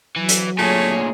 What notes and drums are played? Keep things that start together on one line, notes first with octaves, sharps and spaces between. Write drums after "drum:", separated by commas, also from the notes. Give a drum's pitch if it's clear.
E3 F#3
drum: hi-hat
D2 A#2 A3 G#4 C#5